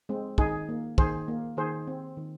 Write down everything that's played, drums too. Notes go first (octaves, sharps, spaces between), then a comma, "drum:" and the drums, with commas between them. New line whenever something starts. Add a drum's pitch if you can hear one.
G#3 C4
D#3 D#4 G#4, drum: kick
A#3
D#3 G#4 C5, drum: kick
A#3
D#3 G#4 C5
C4
D#3